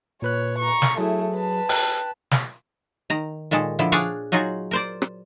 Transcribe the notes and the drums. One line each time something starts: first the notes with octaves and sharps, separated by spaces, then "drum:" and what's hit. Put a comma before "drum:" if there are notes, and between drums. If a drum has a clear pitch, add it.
A#2 B4 C#5 F#6
A#5 C#6
drum: snare
F#3 A3 E4 G#4
B4 A5
G5 F#6, drum: open hi-hat
drum: snare
D#3 A#5
A#2 D#3 G#3 A4
D3 F3 E4
D4 G#4 C#5 D5 F5 F#5
F#3 D#4 F4 F#4 G#4
A#4 C5 D5
drum: rim click